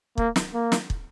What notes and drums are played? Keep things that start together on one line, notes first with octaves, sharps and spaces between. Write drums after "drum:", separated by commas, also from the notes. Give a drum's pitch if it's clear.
A#3, drum: kick
drum: snare
A#3
drum: snare
drum: kick